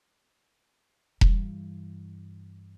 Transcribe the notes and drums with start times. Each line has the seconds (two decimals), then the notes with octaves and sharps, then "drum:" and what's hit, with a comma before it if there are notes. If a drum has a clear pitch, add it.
1.21 G2 E3, drum: kick E1